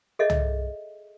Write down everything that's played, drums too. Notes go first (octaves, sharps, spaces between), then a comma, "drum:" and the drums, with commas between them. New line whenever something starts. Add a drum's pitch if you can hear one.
G#4 A4 C#5 D#5 E5
drum: tom